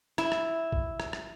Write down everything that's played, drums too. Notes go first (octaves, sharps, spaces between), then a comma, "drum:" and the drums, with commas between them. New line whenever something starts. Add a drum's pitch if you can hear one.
E4, drum: rim click
drum: rim click
drum: kick A1
drum: rim click
drum: rim click